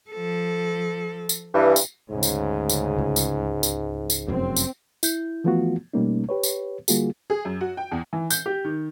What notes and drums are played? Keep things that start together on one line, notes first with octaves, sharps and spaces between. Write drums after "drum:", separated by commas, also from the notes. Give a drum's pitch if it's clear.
F3 A4
drum: tambourine
G2 E3
drum: tambourine
D2 G#2 C#3
drum: tambourine
drum: tambourine
C#2
drum: tambourine
drum: tambourine
drum: tambourine
F1 F#2 C4
drum: tambourine
E4 G6, drum: tambourine
E3 F3 A3 B3 F4 F#4
B2 G3 A3 A#3 C#4 D#4
G4 B4 C#5
drum: tambourine
D3 G3 A#3 F4 F#4 G#4, drum: tambourine
G#4
F#2
F#4
G5
E2
E3
G6, drum: tambourine
G4
D#3